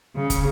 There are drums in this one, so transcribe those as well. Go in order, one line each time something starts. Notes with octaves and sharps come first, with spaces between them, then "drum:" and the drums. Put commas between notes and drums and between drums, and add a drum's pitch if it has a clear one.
C#3
drum: kick, hi-hat